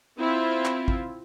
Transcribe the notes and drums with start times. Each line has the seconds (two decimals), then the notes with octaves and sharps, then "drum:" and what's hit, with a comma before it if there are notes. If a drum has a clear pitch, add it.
0.20 C4 E4 F4
0.65 drum: clap
0.88 drum: kick